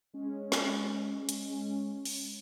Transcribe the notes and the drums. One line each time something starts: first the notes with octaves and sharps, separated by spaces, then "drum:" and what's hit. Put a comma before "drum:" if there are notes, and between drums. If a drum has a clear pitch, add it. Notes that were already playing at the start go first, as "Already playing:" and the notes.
G#3 C#4
drum: snare
drum: hi-hat
drum: open hi-hat